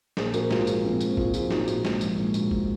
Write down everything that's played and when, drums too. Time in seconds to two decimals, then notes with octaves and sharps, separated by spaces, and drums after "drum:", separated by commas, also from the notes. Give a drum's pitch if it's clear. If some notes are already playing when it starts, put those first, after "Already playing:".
0.17 A#1 G#4 C5, drum: snare
0.34 A#1 F#4 A#4, drum: tambourine
0.51 G#2 F4 G#4, drum: snare
0.67 F3 F4 G#4, drum: tambourine
0.84 A#1 G#3 C4
1.01 A#1, drum: tambourine
1.17 G#2 F4 G#4, drum: kick
1.34 F3 F4 G#4, drum: tambourine
1.50 A#1 D#4 F#4, drum: snare
1.68 A#1, drum: tambourine
1.85 G#2, drum: snare
2.01 F3, drum: tambourine
2.18 A#1 G#3
2.34 A#1, drum: tambourine
2.51 drum: kick